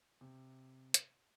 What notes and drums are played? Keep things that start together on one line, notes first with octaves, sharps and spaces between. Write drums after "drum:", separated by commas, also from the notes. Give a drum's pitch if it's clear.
C3
drum: hi-hat